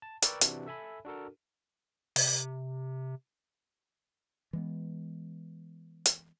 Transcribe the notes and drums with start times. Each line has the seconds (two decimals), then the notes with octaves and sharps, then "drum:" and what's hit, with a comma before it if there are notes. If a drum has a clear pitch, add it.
0.02 A5
0.22 A#4 B4 D5 G5 C#6 E6, drum: hi-hat
0.41 C3 E3 D4 F#4, drum: hi-hat
0.66 A4 E5 G#5 B5
1.05 D4 F#4 A4 A#4
2.16 C3, drum: open hi-hat
4.53 E3 G#3 B3
6.06 drum: hi-hat